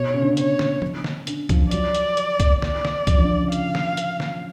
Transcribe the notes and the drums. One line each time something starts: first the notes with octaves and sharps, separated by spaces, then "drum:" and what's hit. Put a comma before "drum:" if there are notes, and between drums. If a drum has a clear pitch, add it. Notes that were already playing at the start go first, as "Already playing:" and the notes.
Already playing: B2 C#5
C#3
D3
C#3
C#5, drum: hi-hat
drum: snare
drum: tom F3
drum: snare
D3, drum: hi-hat
F3, drum: kick C2, hi-hat
F#3 D5, drum: hi-hat
drum: hi-hat
drum: hi-hat
drum: kick C2, hi-hat
D5, drum: snare
drum: snare
F3, drum: kick C2, hi-hat
F3
D3
C#3
F5, drum: hi-hat
drum: snare
drum: hi-hat
drum: snare